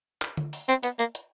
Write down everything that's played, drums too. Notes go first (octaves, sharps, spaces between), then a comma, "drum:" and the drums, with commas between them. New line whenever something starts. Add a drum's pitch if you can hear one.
drum: clap
drum: tom D3
drum: open hi-hat
C4, drum: hi-hat
B3, drum: hi-hat
A#3, drum: hi-hat
drum: hi-hat